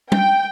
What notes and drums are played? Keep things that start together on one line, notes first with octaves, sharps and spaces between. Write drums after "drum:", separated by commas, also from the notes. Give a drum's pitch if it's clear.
G5, drum: tom